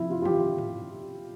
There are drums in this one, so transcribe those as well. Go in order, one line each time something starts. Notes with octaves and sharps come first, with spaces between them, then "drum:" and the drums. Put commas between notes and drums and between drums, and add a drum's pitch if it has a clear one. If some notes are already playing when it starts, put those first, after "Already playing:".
Already playing: C3 F3 E4
F4
F4
G4, drum: tom D#3
drum: tom G#2